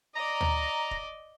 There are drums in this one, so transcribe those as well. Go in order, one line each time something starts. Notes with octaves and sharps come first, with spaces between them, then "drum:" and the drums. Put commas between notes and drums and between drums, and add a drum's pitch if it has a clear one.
D5 D#5 A#5
drum: tom
drum: kick